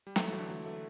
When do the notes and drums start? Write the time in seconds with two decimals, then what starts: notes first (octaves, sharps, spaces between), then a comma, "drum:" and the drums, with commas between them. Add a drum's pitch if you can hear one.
0.07 G3
0.16 F#3 A3, drum: snare
0.27 E3
0.32 F#3
0.39 D3
0.49 F#3
0.66 A3